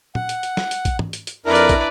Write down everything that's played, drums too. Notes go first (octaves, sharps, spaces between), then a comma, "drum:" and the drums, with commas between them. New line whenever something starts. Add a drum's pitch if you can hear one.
F#5, drum: tom
drum: hi-hat
drum: hi-hat
drum: snare
drum: hi-hat
drum: kick, hi-hat
drum: tom
drum: hi-hat
drum: hi-hat
F2 D4 E4 A#4 B4 D5 A#5
drum: hi-hat
drum: kick, hi-hat